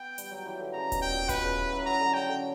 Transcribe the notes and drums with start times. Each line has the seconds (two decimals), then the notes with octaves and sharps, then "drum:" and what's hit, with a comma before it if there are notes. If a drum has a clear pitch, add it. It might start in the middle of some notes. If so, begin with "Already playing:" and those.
Already playing: B3 G5
0.18 G3, drum: hi-hat
0.31 F#3
0.45 E3
0.59 D3
0.73 C#3 A#5
0.92 B2, drum: kick D#1, hi-hat
1.02 G5
1.11 A#2
1.29 B2 B4, drum: kick D#1, hi-hat
1.43 C#3
1.57 E3
1.72 F#3
1.85 F#3 A#5
1.99 D3
2.14 C#3 G5
2.28 D3